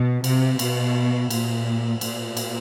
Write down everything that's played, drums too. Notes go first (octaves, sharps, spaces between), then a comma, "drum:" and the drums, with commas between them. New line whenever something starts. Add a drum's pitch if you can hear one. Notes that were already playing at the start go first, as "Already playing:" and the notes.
Already playing: B2
C3, drum: cymbal
B2, drum: cymbal
A#2, drum: cymbal
A#2, drum: cymbal
drum: cymbal